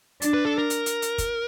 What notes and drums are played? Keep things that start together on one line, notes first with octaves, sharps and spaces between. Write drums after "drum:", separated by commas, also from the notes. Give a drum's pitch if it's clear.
D4, drum: hi-hat
B4
A4
A#4
drum: hi-hat
drum: hi-hat
drum: hi-hat
drum: kick, hi-hat